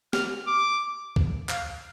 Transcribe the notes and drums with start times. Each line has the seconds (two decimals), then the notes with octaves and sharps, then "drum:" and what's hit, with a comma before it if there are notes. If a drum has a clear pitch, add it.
0.13 F6, drum: snare
0.47 D6
1.16 drum: kick C#2
1.49 F5, drum: clap